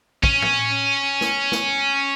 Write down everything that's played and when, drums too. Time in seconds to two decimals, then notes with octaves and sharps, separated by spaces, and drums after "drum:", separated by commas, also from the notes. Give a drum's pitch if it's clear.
0.23 C#4, drum: kick
0.42 drum: tom A2
1.21 drum: snare
1.52 drum: snare